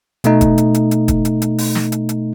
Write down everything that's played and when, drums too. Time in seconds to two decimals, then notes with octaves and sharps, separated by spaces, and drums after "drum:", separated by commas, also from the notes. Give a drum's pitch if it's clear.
0.24 B2 A3 D#4, drum: hi-hat
0.41 drum: kick, hi-hat
0.58 drum: hi-hat
0.74 drum: hi-hat
0.91 drum: hi-hat
1.08 drum: kick, hi-hat
1.25 drum: hi-hat
1.42 drum: hi-hat
1.58 drum: open hi-hat
1.75 drum: snare
1.92 drum: hi-hat
2.09 drum: hi-hat